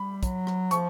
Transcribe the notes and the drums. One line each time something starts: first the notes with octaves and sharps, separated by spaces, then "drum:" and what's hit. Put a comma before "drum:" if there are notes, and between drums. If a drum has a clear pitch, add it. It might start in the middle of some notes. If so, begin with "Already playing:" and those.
Already playing: G3 B5
F#3, drum: kick, hi-hat
drum: rim click
F3 C#6, drum: hi-hat